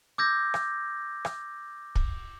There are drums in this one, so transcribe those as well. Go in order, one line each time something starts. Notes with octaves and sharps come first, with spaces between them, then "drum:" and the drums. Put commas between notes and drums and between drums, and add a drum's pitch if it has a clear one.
D6 E6 G6 G#6 A#6
drum: rim click
drum: rim click
drum: kick